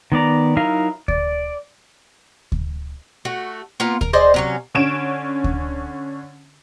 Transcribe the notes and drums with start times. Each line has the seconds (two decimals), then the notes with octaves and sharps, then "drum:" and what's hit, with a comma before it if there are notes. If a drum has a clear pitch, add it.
0.12 D#3 B3 D5 A#5
0.57 F#3 D#4 E4 A#4 F5
1.08 D5, drum: kick D2
2.52 drum: kick D2
3.25 A3 F#4
3.80 A#3 B3 F4 A#4
4.01 A#4, drum: kick D2
4.13 G#4 C5 D5 D#5
4.34 C3 F#3 C#4
4.75 D3 C#4 D7 E7
5.44 drum: kick D2